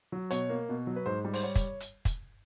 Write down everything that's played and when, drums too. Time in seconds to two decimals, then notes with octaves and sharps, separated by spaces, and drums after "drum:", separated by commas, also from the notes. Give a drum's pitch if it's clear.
0.12 F#3
0.31 B2 C#5, drum: hi-hat
0.49 A#3
0.69 B2
0.87 F#3
0.96 B4
1.06 G#2 C5
1.25 G3
1.34 C5, drum: open hi-hat
1.43 C#5
1.55 drum: kick, hi-hat
1.80 drum: hi-hat
2.05 drum: kick, hi-hat